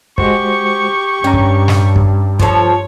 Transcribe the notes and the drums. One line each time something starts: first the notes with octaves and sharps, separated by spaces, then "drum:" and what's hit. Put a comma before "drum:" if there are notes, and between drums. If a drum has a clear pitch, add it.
G#3 F#4 G4 C5 C#6, drum: kick
G2 C#4 G5 A#5
drum: kick
drum: snare
drum: kick
F3 A4 C#5, drum: kick